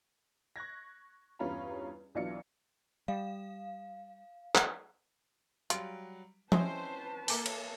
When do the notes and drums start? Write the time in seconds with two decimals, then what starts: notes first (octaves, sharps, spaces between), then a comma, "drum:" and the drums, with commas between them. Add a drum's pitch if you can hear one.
0.56 C#6 F#6 G#6 A#6
1.39 E2 G2 C#4 F4 A#5 B5
2.15 B1 E3 F#3 D4 F4 C#7
3.08 G3 F5
4.55 drum: clap
5.70 F#3 G3 F4 D7, drum: hi-hat
6.52 E3 G#3 C4 C#4 B4 C5 A5, drum: tom F3
7.28 A#3 A4 A#5 D6, drum: open hi-hat
7.46 drum: cymbal